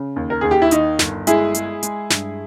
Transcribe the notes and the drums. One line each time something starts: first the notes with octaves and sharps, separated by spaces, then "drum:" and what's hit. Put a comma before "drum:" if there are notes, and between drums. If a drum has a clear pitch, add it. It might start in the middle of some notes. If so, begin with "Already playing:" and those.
Already playing: C#3
D#2
A#4
D#2 G#4
G4
E4
D#3 D#4, drum: hi-hat
G1, drum: snare
G#3 E4 G#4, drum: hi-hat
G#3, drum: hi-hat
G#3, drum: hi-hat
G2, drum: snare